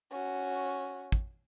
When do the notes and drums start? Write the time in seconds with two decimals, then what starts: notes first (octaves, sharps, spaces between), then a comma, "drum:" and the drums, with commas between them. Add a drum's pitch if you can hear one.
0.11 C#4 F#4
1.12 drum: kick